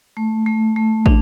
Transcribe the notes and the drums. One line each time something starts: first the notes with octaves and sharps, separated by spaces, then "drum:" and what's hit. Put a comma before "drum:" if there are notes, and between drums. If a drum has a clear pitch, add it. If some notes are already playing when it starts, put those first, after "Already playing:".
A3
A3
A3
D4, drum: kick